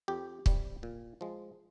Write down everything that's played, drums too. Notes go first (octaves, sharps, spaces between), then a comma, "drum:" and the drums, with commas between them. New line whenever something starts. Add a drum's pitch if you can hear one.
F2 G4
C3 G3, drum: kick
A#2
F3 G#3